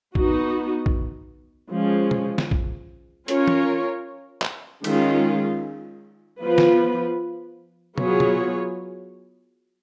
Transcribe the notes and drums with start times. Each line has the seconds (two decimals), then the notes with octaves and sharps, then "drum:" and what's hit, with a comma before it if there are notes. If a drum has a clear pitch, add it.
0.15 B3 D#4 F#4, drum: kick A#1
0.86 drum: kick A#1
1.72 F3 G#3 C#4
2.11 drum: tom
2.38 drum: snare
2.51 drum: kick A#1
3.28 C#4 F4 A#4 C#5, drum: hi-hat
3.48 drum: tom
4.42 drum: clap
4.84 D#3 G#3 C#4 F4, drum: cymbal
6.41 F3 B3 F4 B4
6.58 drum: snare
7.98 F#3 B3 F4 G#4 C#5, drum: tom
8.20 drum: tom